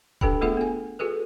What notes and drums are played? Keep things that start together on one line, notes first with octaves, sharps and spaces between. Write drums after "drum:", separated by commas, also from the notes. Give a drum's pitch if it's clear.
D4 G4 A4 B4 G5 B5, drum: kick D#1
A3 B3 F4 G#4 A4 F#5
B3 G#5
F#4 G#4 A4 B4